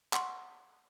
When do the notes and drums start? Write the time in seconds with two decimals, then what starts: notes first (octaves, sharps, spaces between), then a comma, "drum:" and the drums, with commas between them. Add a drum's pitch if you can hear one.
0.13 F#5 C6 C#6, drum: clap